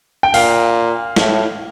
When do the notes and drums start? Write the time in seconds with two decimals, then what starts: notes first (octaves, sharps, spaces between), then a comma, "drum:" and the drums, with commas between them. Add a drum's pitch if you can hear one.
0.23 G5
0.34 A#2 F5, drum: open hi-hat
1.16 A2, drum: snare